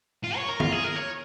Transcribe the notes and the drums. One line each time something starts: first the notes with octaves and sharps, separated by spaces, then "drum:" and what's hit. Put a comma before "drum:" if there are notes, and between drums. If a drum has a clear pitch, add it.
F4
C#5
A#4
F4, drum: tom
G#4
A#4
C#5